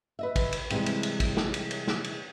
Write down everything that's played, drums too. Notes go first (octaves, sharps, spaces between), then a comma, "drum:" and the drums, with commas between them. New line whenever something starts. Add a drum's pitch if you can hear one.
B4 D#5 E5
drum: kick, cymbal
drum: cymbal
C3 E3 G3 G#3, drum: cymbal
drum: cymbal
drum: cymbal
drum: kick, cymbal
drum: snare
drum: cymbal
drum: cymbal
drum: snare
drum: cymbal